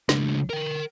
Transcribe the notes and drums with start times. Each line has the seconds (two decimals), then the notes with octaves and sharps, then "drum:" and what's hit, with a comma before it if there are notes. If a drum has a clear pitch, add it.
0.09 C#2 D4, drum: snare
0.50 A#4 G5